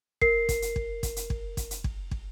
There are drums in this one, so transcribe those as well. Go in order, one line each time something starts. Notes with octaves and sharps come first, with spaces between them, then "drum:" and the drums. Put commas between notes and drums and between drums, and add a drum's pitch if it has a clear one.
A#4 C7, drum: kick
drum: kick, hi-hat
drum: hi-hat
drum: kick
drum: kick, hi-hat
drum: hi-hat
drum: kick
drum: kick, hi-hat
drum: hi-hat
drum: kick
drum: kick